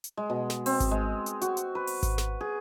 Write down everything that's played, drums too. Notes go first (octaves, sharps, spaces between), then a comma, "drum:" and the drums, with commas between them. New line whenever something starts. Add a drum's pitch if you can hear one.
drum: hi-hat
G#3
B2
drum: snare
C4, drum: open hi-hat
drum: kick G#1, hi-hat
G#3
drum: hi-hat
F#4, drum: hi-hat
drum: hi-hat
B4
drum: open hi-hat
drum: kick G#1, hi-hat
drum: snare
G#4